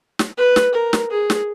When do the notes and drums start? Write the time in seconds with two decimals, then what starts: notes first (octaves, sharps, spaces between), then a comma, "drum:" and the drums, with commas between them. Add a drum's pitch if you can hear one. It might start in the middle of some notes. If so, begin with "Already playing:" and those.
0.19 drum: snare
0.37 B4
0.56 drum: snare
0.74 A#4
0.93 drum: snare
1.11 G#4
1.30 drum: snare